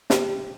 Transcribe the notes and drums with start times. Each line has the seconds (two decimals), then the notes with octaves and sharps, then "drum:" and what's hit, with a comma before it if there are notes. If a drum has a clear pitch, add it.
0.10 G4, drum: snare